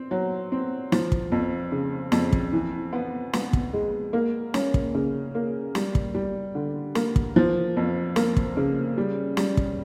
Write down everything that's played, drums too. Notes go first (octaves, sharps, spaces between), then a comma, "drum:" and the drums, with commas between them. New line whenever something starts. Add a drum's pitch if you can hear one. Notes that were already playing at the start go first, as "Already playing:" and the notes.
Already playing: C4
F#3
C4
F3, drum: snare
drum: kick
F2
C#3
F2, drum: snare
drum: kick
E3
B3
B3, drum: snare
drum: kick
G#3
A#3
C#4, drum: snare
drum: kick
C#3
A#3
G3, drum: snare
drum: kick
G3
D3
A#3, drum: snare
drum: kick
F3
F2
A#3, drum: snare
drum: kick
C#3
G3
G3, drum: snare
drum: kick